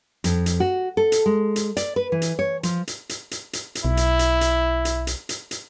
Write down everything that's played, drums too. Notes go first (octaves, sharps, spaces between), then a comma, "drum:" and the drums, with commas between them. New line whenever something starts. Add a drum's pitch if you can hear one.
F2, drum: hi-hat
drum: hi-hat
F#4
A4
drum: hi-hat
G#3
drum: hi-hat
D5, drum: hi-hat
B4
E3
drum: hi-hat
C#5
F3, drum: hi-hat
drum: hi-hat
drum: hi-hat
drum: hi-hat
drum: hi-hat
drum: hi-hat
B1 E4
drum: hi-hat
drum: hi-hat
drum: hi-hat
drum: hi-hat
drum: hi-hat
drum: hi-hat
drum: hi-hat